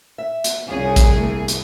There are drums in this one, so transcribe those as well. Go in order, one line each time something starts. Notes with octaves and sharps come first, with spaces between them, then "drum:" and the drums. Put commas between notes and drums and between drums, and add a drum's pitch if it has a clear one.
E5
drum: hi-hat
C2 C#4 F4 G#4
drum: kick A1, hi-hat
A3 A#3
drum: hi-hat